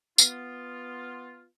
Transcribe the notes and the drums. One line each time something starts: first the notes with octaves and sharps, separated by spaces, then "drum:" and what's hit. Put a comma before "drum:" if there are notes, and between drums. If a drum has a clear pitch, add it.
B3 F4, drum: tambourine